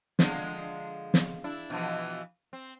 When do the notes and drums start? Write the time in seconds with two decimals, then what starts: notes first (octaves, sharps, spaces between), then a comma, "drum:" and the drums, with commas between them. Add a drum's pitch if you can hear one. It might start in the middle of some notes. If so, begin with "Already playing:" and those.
0.19 D3 F3 G#3, drum: snare
1.14 drum: snare
1.44 D4 E4
1.70 B2 E3 F3
2.53 C4